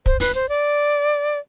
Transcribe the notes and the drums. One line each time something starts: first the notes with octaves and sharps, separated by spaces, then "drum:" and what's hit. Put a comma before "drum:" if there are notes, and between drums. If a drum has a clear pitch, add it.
C5, drum: kick
B4, drum: open hi-hat
C5
D5